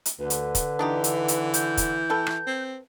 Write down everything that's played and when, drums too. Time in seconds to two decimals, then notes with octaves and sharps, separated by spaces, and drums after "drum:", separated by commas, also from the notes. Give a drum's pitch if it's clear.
0.06 drum: hi-hat
0.19 D2 D3 B4
0.30 drum: hi-hat
0.55 drum: kick, hi-hat
0.79 E3 D4 D#4 G4
1.04 drum: hi-hat
1.28 drum: hi-hat
1.54 G6, drum: hi-hat
1.77 drum: kick, hi-hat
2.10 A4 B4 G5
2.27 drum: rim click
2.46 C4